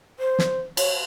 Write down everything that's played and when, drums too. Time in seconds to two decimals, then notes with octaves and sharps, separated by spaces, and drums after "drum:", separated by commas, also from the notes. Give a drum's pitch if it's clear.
0.19 C5
0.39 drum: snare
0.77 C#5, drum: cymbal